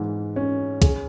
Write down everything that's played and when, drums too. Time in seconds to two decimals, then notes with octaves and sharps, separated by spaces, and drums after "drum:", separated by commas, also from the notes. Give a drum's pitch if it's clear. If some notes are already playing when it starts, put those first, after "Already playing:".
Already playing: G#2 E3
0.36 C#4
0.82 G#4, drum: kick C2, hi-hat